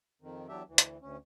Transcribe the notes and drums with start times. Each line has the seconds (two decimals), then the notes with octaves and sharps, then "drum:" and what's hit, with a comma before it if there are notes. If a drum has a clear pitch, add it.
0.22 F2 D#3
0.49 E2 F#3 D4 G4 E5
0.68 D2 E3
0.78 drum: hi-hat
1.02 D2 C#4